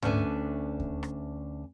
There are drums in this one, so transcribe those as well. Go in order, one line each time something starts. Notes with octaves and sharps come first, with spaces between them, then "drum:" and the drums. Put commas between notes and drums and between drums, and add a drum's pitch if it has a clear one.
D2 C#4 D4 B4 E5 G#5, drum: tom G#2
drum: kick D#2
drum: rim click